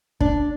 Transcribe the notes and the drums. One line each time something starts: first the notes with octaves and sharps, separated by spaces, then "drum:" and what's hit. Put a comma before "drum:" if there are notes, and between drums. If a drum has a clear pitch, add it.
D4, drum: kick